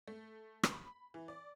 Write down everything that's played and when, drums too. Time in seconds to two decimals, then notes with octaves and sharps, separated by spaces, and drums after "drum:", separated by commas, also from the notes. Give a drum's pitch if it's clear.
0.08 A3
0.63 drum: rim click
0.73 B5
1.14 E3
1.28 D5